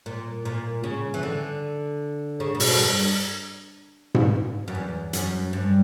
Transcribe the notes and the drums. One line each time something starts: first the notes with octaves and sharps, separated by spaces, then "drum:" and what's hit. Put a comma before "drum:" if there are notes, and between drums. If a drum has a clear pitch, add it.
A#2
A#2
C#3
E3
D3
C#3
A#2
B2, drum: open hi-hat
F#2
G2
drum: tom G#2
F#2
E2
F#2, drum: hi-hat
G2